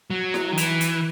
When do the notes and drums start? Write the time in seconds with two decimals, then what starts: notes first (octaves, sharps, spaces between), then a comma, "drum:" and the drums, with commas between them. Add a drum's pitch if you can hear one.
0.10 F#3
0.34 drum: snare E4
0.52 D#3
0.57 E3, drum: hi-hat
0.81 drum: hi-hat